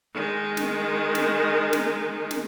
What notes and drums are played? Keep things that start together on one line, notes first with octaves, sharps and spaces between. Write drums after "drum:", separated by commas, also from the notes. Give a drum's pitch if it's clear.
D#3 G#3
drum: snare
drum: snare
drum: snare
drum: snare